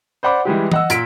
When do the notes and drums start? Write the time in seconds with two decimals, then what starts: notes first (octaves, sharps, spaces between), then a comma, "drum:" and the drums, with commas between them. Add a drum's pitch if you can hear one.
0.23 C5 D5 F#5 B5 D6
0.45 E3 G3 G#3 G4
0.72 D#5 F#5 E6, drum: tom E3
0.90 A#2 B6 D7, drum: hi-hat